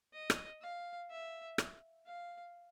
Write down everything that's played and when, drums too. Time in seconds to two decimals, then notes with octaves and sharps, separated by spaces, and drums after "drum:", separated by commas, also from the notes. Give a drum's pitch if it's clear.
0.14 D#5
0.30 drum: rim click
0.62 F5
1.11 E5
1.58 drum: rim click
2.06 F5